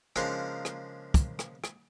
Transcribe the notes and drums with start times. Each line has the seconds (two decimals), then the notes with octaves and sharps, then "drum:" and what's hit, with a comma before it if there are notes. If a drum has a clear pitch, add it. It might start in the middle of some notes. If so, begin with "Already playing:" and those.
0.16 C#3 F3 G#3 A#3 D4 D#4, drum: rim click
0.65 drum: rim click
1.14 drum: kick, hi-hat
1.39 drum: rim click
1.64 drum: rim click